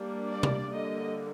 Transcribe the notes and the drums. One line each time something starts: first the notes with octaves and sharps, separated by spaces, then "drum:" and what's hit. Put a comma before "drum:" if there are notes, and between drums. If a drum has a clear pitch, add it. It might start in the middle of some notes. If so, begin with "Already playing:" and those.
Already playing: G3 A#3 D4
D5
drum: tom C3
D3 G3 A#3 D#5